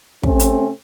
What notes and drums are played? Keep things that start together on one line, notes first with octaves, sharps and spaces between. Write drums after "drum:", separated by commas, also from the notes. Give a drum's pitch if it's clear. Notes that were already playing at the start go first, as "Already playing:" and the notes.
C3 A3 C4 C#4, drum: kick
drum: hi-hat